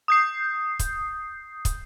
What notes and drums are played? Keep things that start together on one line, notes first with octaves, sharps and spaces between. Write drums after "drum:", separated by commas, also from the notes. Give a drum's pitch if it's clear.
D#6 G6 C7
drum: kick, hi-hat
drum: kick, hi-hat